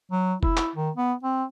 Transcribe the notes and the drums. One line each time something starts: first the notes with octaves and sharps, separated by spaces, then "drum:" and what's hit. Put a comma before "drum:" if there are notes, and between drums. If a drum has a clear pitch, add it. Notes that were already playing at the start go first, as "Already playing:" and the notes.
F#3
E4, drum: kick F1
drum: clap
D#3
B3
C4